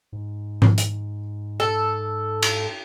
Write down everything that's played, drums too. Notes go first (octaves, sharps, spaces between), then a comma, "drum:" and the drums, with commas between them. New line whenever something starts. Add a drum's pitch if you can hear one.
G#2
drum: tom G#2
drum: hi-hat
A4
drum: cymbal